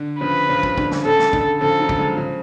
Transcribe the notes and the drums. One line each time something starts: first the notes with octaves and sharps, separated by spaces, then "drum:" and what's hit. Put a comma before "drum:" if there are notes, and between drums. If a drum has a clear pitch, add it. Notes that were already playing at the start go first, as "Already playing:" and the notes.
Already playing: D3
C#3 F3 B4
C#3 F3
drum: kick
D3, drum: kick
drum: snare
C#3 A4
drum: snare
D3, drum: kick
C#3 F3 A4
D3 F#3
drum: kick
F3 G#3
C#3 F3